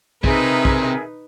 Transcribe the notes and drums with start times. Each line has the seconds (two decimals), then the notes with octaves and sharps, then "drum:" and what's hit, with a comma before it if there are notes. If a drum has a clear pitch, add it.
0.24 C3 D#4 G#4 A#4 B4 E5, drum: kick
0.65 drum: kick